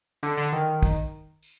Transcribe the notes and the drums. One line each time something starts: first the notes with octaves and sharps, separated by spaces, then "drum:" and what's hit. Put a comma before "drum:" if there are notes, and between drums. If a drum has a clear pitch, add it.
D3, drum: tambourine
D3
D#3
drum: kick, tambourine
drum: tambourine